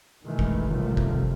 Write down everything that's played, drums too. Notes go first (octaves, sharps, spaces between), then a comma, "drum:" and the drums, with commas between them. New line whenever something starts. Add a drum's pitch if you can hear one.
B2 D#3 E3 G#3 A3
drum: kick
A1 C3 D#3 F3 G3 A3
drum: kick